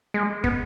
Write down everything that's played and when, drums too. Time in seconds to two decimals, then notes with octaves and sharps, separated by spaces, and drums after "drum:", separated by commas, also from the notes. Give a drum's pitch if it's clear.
0.14 G#3
0.44 B3, drum: kick